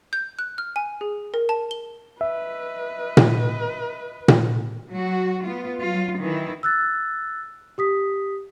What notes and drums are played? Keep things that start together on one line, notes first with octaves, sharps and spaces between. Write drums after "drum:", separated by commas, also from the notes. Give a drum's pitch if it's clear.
G6
F#6
F6
G#5
G#4
A#4
A5
G7
B4 D#5 E5
drum: tom A#2
drum: tom A#2
F#3 F#4
B3 F4
F#3 F4
D#3 E3 E4
E6 F#6 A6
G4 D#6 B6